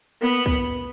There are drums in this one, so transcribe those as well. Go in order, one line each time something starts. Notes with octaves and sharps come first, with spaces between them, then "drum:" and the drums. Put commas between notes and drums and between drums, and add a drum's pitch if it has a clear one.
B3
drum: kick